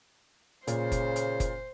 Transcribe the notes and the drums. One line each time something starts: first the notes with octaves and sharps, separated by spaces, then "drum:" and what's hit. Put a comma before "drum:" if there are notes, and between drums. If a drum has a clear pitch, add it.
A#2 C#3 C5, drum: hi-hat
drum: kick F#1, hi-hat
drum: hi-hat
drum: kick F#1, hi-hat